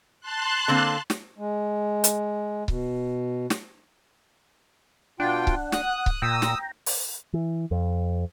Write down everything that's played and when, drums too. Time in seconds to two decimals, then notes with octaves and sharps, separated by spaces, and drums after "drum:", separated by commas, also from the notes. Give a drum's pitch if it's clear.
0.21 A5 C6 F#6
0.68 D3 A#3 C4
1.10 drum: snare
1.38 G#3
2.04 drum: hi-hat
2.68 B2, drum: kick C#1
3.50 drum: snare
5.20 B2 D4 F4 F#5 G5
5.47 drum: kick C#1
5.72 D#6 F#6, drum: snare
6.06 drum: kick C#1
6.22 A#2 G5 A#5 D#6 E6
6.42 drum: snare
6.86 drum: open hi-hat
7.33 E3
7.71 F2